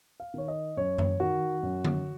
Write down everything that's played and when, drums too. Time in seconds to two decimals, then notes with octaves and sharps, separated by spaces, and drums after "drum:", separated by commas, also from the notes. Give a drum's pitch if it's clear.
0.20 F5
0.34 D#3 C#5
0.48 D#5
0.77 F#2 C#5
0.98 drum: tom F#2
1.20 D#3 F#4
1.63 F#2
1.85 drum: tom D3